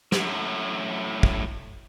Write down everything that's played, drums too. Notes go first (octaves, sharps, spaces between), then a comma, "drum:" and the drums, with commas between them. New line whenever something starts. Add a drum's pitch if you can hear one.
F#2 A2, drum: snare
drum: kick